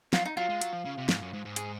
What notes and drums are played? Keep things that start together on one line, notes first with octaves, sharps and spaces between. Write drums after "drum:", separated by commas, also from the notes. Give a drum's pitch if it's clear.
F#3 F4, drum: snare
D#4
F#3 F4
G#3
F#3, drum: hi-hat
F3
C#3
C3
G#2, drum: snare
F#2
G#2
G#2
G#4, drum: hi-hat